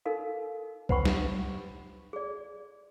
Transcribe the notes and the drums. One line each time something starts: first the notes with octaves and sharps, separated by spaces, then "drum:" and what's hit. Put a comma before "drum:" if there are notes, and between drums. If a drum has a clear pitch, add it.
D#4 A4 A#4 F5
B4 C5 F#5 G5 B5 C#6, drum: kick
drum: snare
G#4 D5